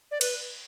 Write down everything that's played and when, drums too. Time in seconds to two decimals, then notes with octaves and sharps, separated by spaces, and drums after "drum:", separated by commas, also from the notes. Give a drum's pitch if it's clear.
0.11 D5
0.21 B4, drum: cymbal